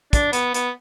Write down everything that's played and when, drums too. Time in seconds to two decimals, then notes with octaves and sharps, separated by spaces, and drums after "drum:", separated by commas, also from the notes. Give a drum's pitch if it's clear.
0.13 D4, drum: kick, hi-hat
0.33 B3, drum: hi-hat
0.54 B3, drum: hi-hat